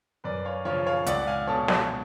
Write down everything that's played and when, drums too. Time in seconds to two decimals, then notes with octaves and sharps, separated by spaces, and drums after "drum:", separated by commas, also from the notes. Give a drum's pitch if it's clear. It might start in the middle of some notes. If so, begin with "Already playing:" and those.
0.24 F#2 B4 D5
0.45 C#5 F5
0.65 C#3 F3 C#5 F5
0.87 C#5 F5
1.06 C#2 D5 F#5, drum: hi-hat
1.27 F5 G#5
1.47 B2 A4 C#5
1.68 F#4 A4, drum: snare